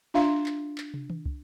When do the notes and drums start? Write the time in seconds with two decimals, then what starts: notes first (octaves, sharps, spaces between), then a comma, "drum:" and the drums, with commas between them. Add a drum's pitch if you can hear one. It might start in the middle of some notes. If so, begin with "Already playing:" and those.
0.14 D4 F4 E5 F5 C6
0.46 drum: clap
0.78 drum: clap
0.94 drum: tom
1.10 drum: tom D#3
1.26 drum: kick